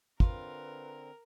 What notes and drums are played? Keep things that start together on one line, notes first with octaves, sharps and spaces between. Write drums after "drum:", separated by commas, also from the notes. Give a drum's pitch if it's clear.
D3 C4 F4 A#4 B4, drum: kick